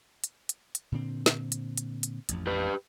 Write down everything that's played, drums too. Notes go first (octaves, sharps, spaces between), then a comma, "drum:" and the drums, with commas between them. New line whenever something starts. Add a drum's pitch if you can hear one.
drum: hi-hat
drum: hi-hat
drum: hi-hat
A#2 D3 C4
drum: snare
drum: hi-hat
drum: hi-hat
drum: hi-hat
A1 F2, drum: hi-hat
G4 B4